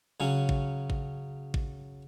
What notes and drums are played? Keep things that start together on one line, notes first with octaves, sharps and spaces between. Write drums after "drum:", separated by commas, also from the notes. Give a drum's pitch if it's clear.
C#3 F#3 C#4
drum: kick A1
drum: kick A1
drum: kick A1